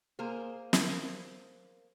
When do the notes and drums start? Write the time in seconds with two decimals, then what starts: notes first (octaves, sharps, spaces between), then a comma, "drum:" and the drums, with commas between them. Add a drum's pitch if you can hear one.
0.19 A#3 G#4 A#4 C5
0.73 drum: snare